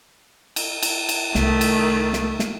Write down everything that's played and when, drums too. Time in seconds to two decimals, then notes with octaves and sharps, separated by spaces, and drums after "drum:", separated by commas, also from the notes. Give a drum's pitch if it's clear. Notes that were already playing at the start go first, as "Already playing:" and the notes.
0.56 drum: cymbal
0.82 drum: cymbal
1.09 drum: cymbal
1.35 C2 D#3 A3, drum: snare
1.61 drum: cymbal
2.13 drum: snare
2.39 drum: snare